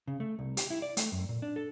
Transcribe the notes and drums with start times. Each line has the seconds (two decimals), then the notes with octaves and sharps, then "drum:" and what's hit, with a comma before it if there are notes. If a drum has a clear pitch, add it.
0.08 C#3
0.20 A3
0.39 C2
0.57 G4, drum: hi-hat
0.70 E4
0.82 D5
0.97 A3, drum: hi-hat
1.12 F#2
1.29 A#2
1.42 D4
1.56 A4